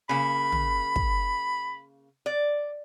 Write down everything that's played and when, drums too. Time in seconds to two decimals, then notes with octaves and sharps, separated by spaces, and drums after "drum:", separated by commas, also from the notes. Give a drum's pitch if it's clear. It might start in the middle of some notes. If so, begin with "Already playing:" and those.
0.09 C#3 A#3 B5
0.52 drum: tom
0.96 drum: kick
2.26 D5